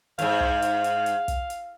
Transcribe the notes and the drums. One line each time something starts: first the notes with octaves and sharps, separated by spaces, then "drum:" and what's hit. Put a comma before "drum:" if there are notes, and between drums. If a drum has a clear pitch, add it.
E2 G#2 F5, drum: hi-hat
drum: kick
drum: hi-hat
drum: hi-hat
drum: hi-hat
drum: kick, hi-hat
drum: hi-hat